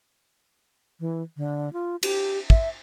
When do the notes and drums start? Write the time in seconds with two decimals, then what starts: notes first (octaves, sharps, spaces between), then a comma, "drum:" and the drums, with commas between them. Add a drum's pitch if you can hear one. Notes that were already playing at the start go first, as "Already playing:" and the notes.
1.00 E3
1.37 D3
1.73 F4
2.03 G4, drum: cymbal
2.50 E5, drum: kick